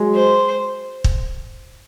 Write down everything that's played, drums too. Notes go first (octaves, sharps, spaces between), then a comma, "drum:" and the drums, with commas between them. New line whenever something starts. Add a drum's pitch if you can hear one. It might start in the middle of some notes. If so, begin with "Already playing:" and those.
Already playing: F#3 G#3
C5
drum: kick